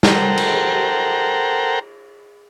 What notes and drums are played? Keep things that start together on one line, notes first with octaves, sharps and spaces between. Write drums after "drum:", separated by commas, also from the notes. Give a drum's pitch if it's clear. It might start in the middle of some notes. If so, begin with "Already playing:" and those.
A4 A#4 C5 F#5 G5 A#5, drum: snare
drum: cymbal